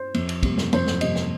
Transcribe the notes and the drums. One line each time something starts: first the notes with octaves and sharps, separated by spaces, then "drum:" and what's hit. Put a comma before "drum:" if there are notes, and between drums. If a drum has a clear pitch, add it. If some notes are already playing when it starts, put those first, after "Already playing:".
Already playing: C5
F2, drum: cymbal
drum: cymbal
C3 G3 A#3, drum: kick, cymbal
drum: snare
F2 C5, drum: cymbal
drum: snare
C3 G3 A#3 D#5, drum: cymbal
drum: snare